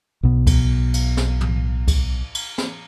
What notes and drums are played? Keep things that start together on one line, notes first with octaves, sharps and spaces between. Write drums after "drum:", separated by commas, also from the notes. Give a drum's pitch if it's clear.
B1 B2
drum: kick C#2, cymbal
drum: cymbal
drum: snare
drum: tom
drum: kick C#2, cymbal
drum: cymbal
drum: snare